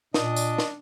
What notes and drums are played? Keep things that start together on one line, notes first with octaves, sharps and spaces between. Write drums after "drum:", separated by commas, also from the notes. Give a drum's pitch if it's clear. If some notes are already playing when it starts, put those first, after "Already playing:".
A#2 D4 D#5, drum: snare
drum: tambourine
drum: snare